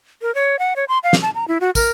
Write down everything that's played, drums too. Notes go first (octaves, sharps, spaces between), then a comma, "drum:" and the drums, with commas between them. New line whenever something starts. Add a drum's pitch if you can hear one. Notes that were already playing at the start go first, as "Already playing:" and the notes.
A#4
C#5
F#5
C#5
C6
F5
drum: snare
A5
A#5
E4
F#4
A#4, drum: kick, tambourine